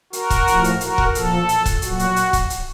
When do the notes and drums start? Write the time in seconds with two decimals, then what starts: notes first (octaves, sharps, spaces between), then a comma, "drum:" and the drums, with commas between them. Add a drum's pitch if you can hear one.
0.13 F#4 A#4, drum: hi-hat
0.30 drum: kick, hi-hat
0.47 A2 F3, drum: hi-hat
0.64 drum: hi-hat
0.81 F#4 A#4, drum: hi-hat
0.98 drum: kick
1.15 A#2 F3 A4, drum: hi-hat
1.49 drum: hi-hat
1.66 drum: kick, hi-hat
1.82 A#2 F#3 F#4, drum: hi-hat
1.99 drum: hi-hat
2.16 drum: hi-hat
2.33 drum: kick, hi-hat
2.50 drum: hi-hat